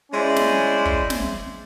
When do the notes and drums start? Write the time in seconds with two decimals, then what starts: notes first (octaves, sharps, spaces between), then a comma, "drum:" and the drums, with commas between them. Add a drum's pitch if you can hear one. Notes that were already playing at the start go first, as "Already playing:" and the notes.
0.12 G#3 C#4 E4 C5 D5
0.36 drum: snare
0.85 drum: kick
1.10 drum: snare